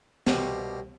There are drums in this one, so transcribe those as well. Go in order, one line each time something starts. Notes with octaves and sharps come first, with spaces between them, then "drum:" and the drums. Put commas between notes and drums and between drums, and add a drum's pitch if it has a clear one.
C2 B2 G4 F5 F#5, drum: snare